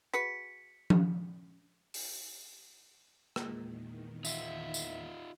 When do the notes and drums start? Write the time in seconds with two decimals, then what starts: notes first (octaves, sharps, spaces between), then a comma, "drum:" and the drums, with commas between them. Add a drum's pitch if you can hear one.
0.14 F#4 G#4 B4 B6 C#7
0.90 drum: tom F3
1.94 drum: open hi-hat
3.36 E2 A#2 D#3 G#3, drum: rim click
4.25 D#4 F4 E5, drum: tambourine
4.74 drum: tambourine